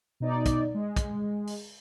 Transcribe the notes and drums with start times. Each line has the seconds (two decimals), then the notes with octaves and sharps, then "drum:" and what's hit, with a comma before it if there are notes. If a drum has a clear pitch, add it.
0.20 B2 D#4 D5
0.46 drum: kick, hi-hat
0.74 G#3
0.97 drum: kick, hi-hat
1.47 drum: open hi-hat